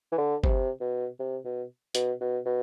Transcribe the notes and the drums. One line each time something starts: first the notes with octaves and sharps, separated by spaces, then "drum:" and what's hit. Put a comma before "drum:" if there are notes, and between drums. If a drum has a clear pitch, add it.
E3
D3
C3, drum: kick G1
B2
C3
B2
B2, drum: hi-hat
B2
B2